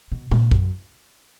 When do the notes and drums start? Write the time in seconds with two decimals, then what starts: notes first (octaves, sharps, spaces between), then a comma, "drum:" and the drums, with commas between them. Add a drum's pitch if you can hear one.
0.12 B2
0.31 A#2, drum: tom A#2
0.51 F#2, drum: kick